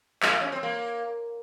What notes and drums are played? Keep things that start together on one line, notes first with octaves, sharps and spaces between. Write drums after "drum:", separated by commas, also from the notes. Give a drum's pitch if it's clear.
G#3, drum: clap
A#3
C#4
C4
A#3